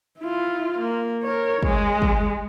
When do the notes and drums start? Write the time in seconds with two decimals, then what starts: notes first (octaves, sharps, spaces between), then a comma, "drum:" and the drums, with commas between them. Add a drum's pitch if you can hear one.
0.20 E4 F4
0.79 A#3
1.23 A#4 C#5
1.63 G#3, drum: kick
2.02 drum: kick